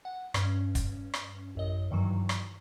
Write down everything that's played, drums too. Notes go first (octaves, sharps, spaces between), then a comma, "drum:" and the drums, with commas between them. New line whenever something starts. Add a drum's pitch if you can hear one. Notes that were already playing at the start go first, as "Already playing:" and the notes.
F#5
G2 C#4, drum: rim click
drum: kick, hi-hat
drum: rim click
A1 F#2 D#5
G2 D#3 E3 F#3
drum: rim click